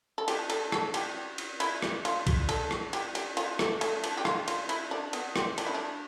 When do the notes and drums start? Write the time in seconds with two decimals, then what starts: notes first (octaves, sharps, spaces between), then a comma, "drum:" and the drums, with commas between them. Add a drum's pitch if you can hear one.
0.18 A4
0.28 G4, drum: cymbal
0.50 A4, drum: cymbal
0.72 A4, drum: rim click
0.94 G4, drum: cymbal
1.38 drum: cymbal
1.60 E4, drum: cymbal
1.82 drum: rim click
2.05 F4, drum: cymbal
2.27 drum: kick, cymbal
2.49 A4, drum: cymbal
2.71 drum: rim click
2.93 G4, drum: cymbal
3.15 G4, drum: cymbal
3.37 F4, drum: cymbal
3.59 A3, drum: rim click
3.81 A3, drum: cymbal
4.04 D4, drum: cymbal
4.17 G4
4.25 F4, drum: rim click
4.48 F4, drum: cymbal
4.69 E4, drum: cymbal
4.91 D4
5.13 B3, drum: cymbal
5.36 C4, drum: rim click
5.58 D4, drum: cymbal
5.66 E4
5.74 D4